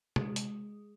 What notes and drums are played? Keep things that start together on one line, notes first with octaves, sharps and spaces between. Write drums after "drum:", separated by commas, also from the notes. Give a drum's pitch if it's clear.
G#3, drum: tom C3
drum: hi-hat